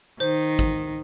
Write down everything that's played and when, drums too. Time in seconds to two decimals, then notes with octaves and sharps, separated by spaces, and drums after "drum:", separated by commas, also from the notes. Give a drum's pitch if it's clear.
0.20 D#3 C5
0.59 drum: kick, hi-hat